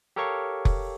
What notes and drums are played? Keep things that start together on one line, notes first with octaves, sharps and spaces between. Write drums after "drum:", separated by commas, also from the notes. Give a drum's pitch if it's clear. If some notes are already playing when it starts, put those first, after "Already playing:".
G4 A4 A#4 C#5 F5 C#6
drum: kick F1